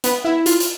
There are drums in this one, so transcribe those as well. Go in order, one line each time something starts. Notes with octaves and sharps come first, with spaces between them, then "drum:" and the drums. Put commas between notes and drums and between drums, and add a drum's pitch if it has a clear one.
B3, drum: hi-hat
E4
F4, drum: hi-hat
drum: hi-hat